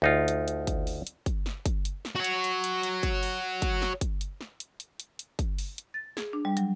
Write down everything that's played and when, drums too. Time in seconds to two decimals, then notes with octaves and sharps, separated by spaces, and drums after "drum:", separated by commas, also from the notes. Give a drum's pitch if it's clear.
0.02 D2 D#4 F4
0.28 drum: hi-hat
0.48 drum: hi-hat
0.67 drum: kick, hi-hat
0.87 drum: open hi-hat
1.07 drum: hi-hat
1.26 drum: kick, hi-hat
1.46 drum: snare
1.66 drum: kick, hi-hat
1.85 drum: hi-hat
2.05 drum: snare
2.15 F#4 C#5
2.24 drum: hi-hat
2.44 drum: hi-hat
2.64 drum: hi-hat
2.83 drum: hi-hat
3.03 drum: kick, hi-hat
3.23 drum: open hi-hat
3.62 drum: kick, hi-hat
3.82 drum: snare
4.01 drum: kick, hi-hat
4.21 drum: hi-hat
4.41 drum: snare
4.60 drum: hi-hat
4.80 drum: hi-hat
5.00 drum: hi-hat
5.19 drum: hi-hat
5.39 drum: kick, hi-hat
5.59 drum: open hi-hat
5.78 drum: hi-hat
5.94 A6
6.17 G#4, drum: snare
6.33 D4
6.45 G3
6.57 F#3, drum: hi-hat